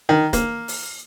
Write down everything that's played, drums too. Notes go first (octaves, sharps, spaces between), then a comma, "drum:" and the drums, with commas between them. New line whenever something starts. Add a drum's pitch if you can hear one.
D#3
A#3, drum: kick E1, hi-hat
drum: open hi-hat